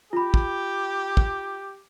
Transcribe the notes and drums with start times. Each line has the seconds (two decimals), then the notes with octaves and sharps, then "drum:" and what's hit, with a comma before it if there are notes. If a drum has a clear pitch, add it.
0.13 F4 G4 B5
0.34 drum: kick
1.17 drum: kick